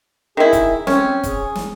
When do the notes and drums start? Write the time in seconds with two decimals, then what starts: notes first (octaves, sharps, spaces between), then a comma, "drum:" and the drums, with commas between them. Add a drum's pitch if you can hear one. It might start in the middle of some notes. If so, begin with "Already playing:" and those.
0.37 D#3 E4 G#4
0.53 drum: kick, hi-hat
0.87 C4 C#4, drum: snare
1.23 G#4, drum: kick, hi-hat
1.55 drum: snare